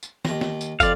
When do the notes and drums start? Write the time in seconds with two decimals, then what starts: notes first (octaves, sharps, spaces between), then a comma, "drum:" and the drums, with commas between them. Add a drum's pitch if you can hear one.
0.03 drum: tambourine
0.25 D#2 A#5, drum: snare
0.41 drum: snare
0.61 drum: tambourine
0.80 F2 D5 F5, drum: kick, tambourine